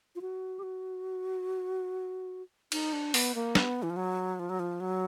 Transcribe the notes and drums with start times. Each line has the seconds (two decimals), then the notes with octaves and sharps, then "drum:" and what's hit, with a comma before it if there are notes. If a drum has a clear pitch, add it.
0.16 F4
0.21 F#4
0.59 G4
0.63 F#4
2.72 D#4, drum: cymbal
2.93 D4
3.14 B3, drum: open hi-hat
3.35 A#3
3.55 B3, drum: snare
3.83 E3
3.90 F3
3.96 F#3
4.39 F3
4.49 F#3
4.59 F3
4.80 F#3